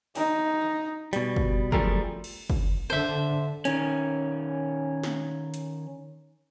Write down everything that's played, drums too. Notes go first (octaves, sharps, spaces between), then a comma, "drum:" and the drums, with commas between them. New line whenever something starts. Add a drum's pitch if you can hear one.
D#4, drum: open hi-hat
B2 G3, drum: hi-hat
drum: kick
F#2 F3 G3 A3 G#4 A#4, drum: kick
drum: cymbal
drum: kick
D3 C5 E5
D#3 C#4, drum: hi-hat
drum: snare
drum: hi-hat